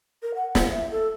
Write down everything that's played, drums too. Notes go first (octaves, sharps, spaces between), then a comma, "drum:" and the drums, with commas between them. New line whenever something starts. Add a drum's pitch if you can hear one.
A#4
F#5
drum: snare
E5
A4